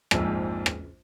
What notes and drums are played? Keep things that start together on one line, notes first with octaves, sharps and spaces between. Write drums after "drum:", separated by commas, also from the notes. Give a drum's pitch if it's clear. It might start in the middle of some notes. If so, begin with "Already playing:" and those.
A#1 F2 G#2, drum: rim click
drum: rim click